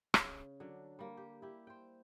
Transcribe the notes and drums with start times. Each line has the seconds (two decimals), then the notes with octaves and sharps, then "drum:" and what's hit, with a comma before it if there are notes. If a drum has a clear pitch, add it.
0.14 C#3, drum: rim click
0.60 D3 F#3 D4
0.99 G3 A#3
1.17 G4
1.42 E4 G4
1.67 C5 G5